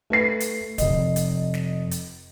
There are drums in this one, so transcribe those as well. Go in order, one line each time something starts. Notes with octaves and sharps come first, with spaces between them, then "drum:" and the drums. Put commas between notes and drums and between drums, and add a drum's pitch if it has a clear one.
A3 B4 C7
drum: hi-hat
F1 D#5, drum: kick D1, hi-hat
drum: hi-hat
drum: snare
drum: hi-hat